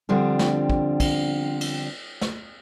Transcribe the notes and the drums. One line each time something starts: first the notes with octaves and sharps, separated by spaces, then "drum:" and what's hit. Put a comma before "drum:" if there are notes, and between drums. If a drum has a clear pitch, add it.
D3 F3 G3 C4
drum: snare
drum: kick
drum: kick, cymbal
drum: cymbal
drum: snare